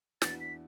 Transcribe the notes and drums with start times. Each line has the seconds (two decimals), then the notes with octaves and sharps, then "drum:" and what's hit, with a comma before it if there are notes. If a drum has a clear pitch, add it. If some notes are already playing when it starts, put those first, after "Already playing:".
0.22 E2 E3 D4 F#4 A6, drum: snare
0.40 B6